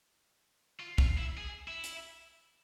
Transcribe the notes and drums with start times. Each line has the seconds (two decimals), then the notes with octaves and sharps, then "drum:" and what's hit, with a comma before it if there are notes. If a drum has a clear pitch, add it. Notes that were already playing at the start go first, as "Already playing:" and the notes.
0.80 F4
0.98 F4, drum: kick
1.18 E4
1.37 G#4
1.68 E4
1.84 drum: hi-hat